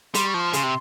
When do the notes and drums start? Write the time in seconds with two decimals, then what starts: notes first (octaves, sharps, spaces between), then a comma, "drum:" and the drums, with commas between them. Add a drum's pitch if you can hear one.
0.14 G3 C6, drum: hi-hat
0.27 C#6
0.34 F3
0.41 C6
0.53 C#3 C6, drum: hi-hat
0.63 C3